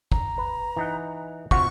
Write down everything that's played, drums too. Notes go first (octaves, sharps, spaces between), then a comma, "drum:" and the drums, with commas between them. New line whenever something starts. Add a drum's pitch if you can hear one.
A#5, drum: kick
B4
E3 D#4 F#5
C3 F4 F#4 F#5 C#6, drum: kick